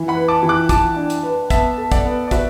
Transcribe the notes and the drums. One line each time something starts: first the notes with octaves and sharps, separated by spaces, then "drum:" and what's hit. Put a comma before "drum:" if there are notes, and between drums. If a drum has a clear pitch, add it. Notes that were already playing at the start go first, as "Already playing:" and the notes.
Already playing: E3
F#5 B5
B4
A5 D6
E3
D6 F#6
E3 A5 D6, drum: kick, hi-hat
D4
drum: hi-hat
B4
B3 E5 A5, drum: kick, hi-hat
A4
D5 F#5, drum: kick, hi-hat
B3
D5
F#4 B4 E5, drum: kick, hi-hat